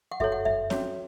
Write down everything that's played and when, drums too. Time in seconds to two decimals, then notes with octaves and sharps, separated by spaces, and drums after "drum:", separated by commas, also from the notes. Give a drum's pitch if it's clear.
0.12 F#5
0.20 F#4 A4 C#5 E5, drum: kick F#2
0.32 F#5
0.45 E5, drum: kick F#2
0.70 C#4 F#4 C#5, drum: snare C4